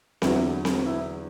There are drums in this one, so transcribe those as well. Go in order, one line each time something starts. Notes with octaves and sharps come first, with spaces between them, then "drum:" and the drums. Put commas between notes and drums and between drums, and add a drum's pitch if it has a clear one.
E2 D3 F#3 E4, drum: snare C4
drum: snare C4
E4